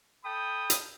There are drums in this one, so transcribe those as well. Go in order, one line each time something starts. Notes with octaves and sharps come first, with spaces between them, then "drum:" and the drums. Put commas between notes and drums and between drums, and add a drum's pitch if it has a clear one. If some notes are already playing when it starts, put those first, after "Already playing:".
A4 G5 B5 D#6
drum: hi-hat